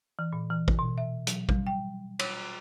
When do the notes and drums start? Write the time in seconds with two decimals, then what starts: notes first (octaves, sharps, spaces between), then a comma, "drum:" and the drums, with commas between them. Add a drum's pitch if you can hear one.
0.19 E3
0.33 A#2
0.50 E3
0.68 drum: kick
0.79 B2
0.98 E5
1.27 F#3, drum: hi-hat
1.49 G3, drum: kick
1.67 G5
2.19 C#5, drum: cymbal